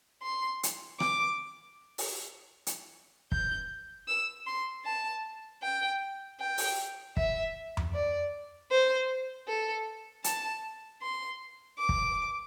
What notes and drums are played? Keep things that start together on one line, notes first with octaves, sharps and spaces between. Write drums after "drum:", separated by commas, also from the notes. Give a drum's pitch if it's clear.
C6
drum: hi-hat
D6, drum: rim click
drum: open hi-hat
drum: hi-hat
G6, drum: kick
E6
C6
A5
G5
G5
drum: open hi-hat
E5, drum: kick
drum: tom F2
D5
C5
A4
A5, drum: hi-hat
C6
D6
drum: kick